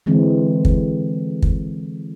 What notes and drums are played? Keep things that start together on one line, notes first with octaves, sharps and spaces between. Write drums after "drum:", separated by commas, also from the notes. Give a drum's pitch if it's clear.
D3 E3 G#3 C4
drum: kick
drum: kick